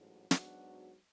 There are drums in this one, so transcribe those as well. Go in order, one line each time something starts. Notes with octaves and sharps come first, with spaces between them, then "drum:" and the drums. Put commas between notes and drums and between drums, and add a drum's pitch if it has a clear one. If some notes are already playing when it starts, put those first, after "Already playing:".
Already playing: A1 G#2 F#3
G#2 F#3 B3 D4 F#4, drum: snare